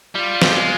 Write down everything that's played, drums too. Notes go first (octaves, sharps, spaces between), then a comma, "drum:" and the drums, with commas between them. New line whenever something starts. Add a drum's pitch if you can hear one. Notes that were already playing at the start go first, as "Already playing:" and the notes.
G3 F4
drum: snare
G#3